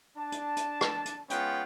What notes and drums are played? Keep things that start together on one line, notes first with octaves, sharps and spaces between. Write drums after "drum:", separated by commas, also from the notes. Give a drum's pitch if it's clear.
D4 A5
drum: hi-hat
drum: hi-hat
drum: rim click
drum: hi-hat
G#3 B3 C#4 F4 F#5 G5, drum: hi-hat